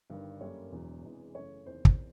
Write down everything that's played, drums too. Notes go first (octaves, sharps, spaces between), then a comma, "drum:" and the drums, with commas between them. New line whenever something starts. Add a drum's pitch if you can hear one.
G1 G2 D#3
F#2 D3 G3 A#3 C#5
E1 E2 B2 F#3
E2 C3 E3 G#3 B3
F#2 C#3 E3 A3 C#5
E2 C3 D#3 C5
drum: kick